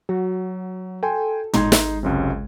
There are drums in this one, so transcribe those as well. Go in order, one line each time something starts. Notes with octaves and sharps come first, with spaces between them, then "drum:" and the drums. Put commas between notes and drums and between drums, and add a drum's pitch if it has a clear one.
F#3 F#4
A4 G5 G#5 C6
G#1 G#3 D#4 C6 G#6, drum: tom
drum: snare
C#2 F#2 C3